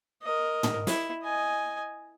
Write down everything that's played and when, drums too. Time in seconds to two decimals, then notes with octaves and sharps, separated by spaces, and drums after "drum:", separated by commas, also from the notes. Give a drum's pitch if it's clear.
0.23 A#4 D#5
0.63 drum: tom
0.87 E4, drum: snare
1.23 D#5 G#5